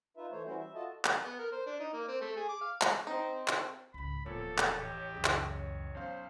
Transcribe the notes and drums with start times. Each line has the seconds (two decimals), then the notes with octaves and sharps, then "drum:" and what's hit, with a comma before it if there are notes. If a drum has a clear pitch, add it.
0.17 D#4 F4 B4 E5
0.32 E3 A3 C5 C#5
0.46 E3 G3 C#4 E4 F#4 C5
0.59 E5
0.75 F4 F#4 A4 D#5 A5
1.05 drum: clap
1.24 B3
1.39 A#4
1.52 C5
1.66 D4
1.80 D#4
1.93 A#3
2.08 C4
2.21 A3
2.36 G#4
2.49 D6
2.61 F5
2.82 drum: clap
3.07 C4 D#4
3.48 drum: clap
3.94 C#2 G#2 B5
4.26 D1 E2 A#2 F3 B3 A4 C#5
4.58 drum: clap
4.79 A1 G4 G5 E7
5.14 C#2 F#2 G#4
5.25 drum: clap
5.51 C#5
5.95 B1 C#4 C5 F5